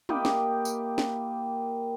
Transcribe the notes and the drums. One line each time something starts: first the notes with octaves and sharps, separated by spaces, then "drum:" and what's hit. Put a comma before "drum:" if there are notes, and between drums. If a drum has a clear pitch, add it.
A#3 E4 G4 D#5, drum: tom
drum: snare
drum: tambourine
drum: snare